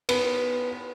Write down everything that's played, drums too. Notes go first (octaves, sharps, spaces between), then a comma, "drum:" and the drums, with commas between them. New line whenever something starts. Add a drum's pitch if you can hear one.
B3, drum: cymbal